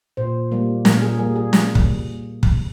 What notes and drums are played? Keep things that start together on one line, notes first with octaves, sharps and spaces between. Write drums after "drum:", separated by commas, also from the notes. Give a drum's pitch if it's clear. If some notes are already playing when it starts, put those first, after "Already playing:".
A#2 C5
G3 A#3
A#2 A#4, drum: snare
G#4
G3 A#3 G#4
G#4
drum: snare
drum: kick
drum: kick